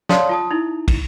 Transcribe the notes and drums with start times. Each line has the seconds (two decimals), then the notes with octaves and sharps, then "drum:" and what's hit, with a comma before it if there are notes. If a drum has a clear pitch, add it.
0.09 C#5 D5 F5 A5 C6 D#6, drum: snare
0.29 F4 A5 D#6
0.51 D#4 E4
0.88 drum: kick, cymbal